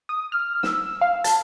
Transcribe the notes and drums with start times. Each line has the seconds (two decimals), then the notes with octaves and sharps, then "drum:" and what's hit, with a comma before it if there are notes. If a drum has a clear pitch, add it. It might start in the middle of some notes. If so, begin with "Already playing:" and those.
0.09 D#6
0.32 F6
0.63 E6, drum: snare
1.01 F5
1.24 A5, drum: hi-hat